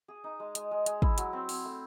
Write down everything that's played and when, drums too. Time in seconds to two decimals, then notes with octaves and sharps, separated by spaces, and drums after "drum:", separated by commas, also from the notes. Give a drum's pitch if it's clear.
0.08 G#4
0.24 D#4
0.40 G#3
0.55 G#3, drum: hi-hat
0.71 G#3
0.86 G#3, drum: hi-hat
1.02 E4, drum: kick
1.18 F#3, drum: hi-hat
1.33 C4
1.49 C4, drum: open hi-hat
1.65 A3